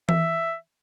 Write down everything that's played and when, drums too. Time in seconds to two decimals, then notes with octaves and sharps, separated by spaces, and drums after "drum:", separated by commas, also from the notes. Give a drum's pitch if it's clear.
0.09 E5, drum: tom E3